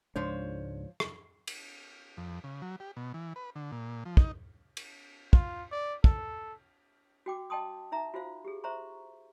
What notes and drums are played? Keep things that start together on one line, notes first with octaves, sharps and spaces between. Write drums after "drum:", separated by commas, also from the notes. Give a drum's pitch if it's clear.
C#2 G#2 F3 D4 C5 C#5
drum: rim click
drum: cymbal
F2
C#3
F#3
G4
B2
E3
B4
D3
A#2
F3
D#4, drum: kick
drum: cymbal
F4, drum: kick
D5
A4, drum: kick
F#4 G5 D6
D#5 G5 A5 C6 D#6
D#4 E5 A#5
F4 F#4 C5 F5
G4 G#4
C5 E5 A#5 C6 C#6